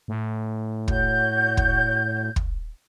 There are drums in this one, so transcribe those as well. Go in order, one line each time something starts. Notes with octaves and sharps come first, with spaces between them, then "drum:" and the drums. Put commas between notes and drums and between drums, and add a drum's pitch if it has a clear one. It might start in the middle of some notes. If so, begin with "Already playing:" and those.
A2
F#4 C#5 G6, drum: kick
drum: kick
drum: kick